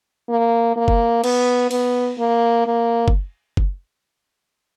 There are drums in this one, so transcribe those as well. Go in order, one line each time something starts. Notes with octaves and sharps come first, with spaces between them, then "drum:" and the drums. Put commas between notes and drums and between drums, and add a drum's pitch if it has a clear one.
A#3
A#3
drum: kick F#1
B3, drum: cymbal
B3, drum: cymbal
A#3
A#3
drum: kick F#1
drum: kick F#1